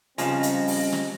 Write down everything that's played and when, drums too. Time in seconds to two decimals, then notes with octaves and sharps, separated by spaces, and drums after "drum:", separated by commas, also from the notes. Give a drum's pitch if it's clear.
0.18 C#3 F3 G3 C4 C#4 D#5, drum: hi-hat
0.43 drum: hi-hat
0.68 drum: open hi-hat
0.92 drum: snare